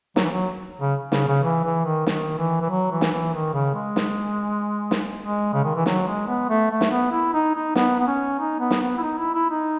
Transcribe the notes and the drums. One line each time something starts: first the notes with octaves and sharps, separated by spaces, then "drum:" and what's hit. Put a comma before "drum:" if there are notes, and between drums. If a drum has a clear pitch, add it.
F#3, drum: snare
E3
F#3
C#3
C#3, drum: snare
C#3
E3
E3
D#3
D#3, drum: snare
E3
E3
F#3
E3
drum: snare
E3
D#3
C#3
G#3
drum: snare
drum: snare
G#3
C#3
D#3
E3
F#3, drum: snare
G#3
B3
A3
A3
drum: snare
B3
E4
D#4
D#4
B3, drum: snare
B3
C#4
D#4
B3
drum: snare
B3
E4
D#4
E4
E4
D#4